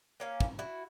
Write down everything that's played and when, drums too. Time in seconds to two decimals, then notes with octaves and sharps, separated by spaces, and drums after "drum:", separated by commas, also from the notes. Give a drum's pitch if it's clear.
0.20 A#3 C#4 F5
0.40 drum: kick
0.59 E4 F#4